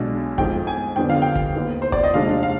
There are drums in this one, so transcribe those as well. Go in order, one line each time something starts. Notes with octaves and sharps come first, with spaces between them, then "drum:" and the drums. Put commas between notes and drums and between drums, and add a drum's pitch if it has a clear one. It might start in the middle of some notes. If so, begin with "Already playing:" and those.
Already playing: B1 B2 G#3 D4
F2 D#3 G#3 G5, drum: kick
G#5
F2 D3 G3 B3 D4 G5
F5
G5
drum: kick
D#2 D#3 B3 D#4
C5
D5, drum: kick
D#5
F1 D#2 D#3 G#3 D4 F5
F5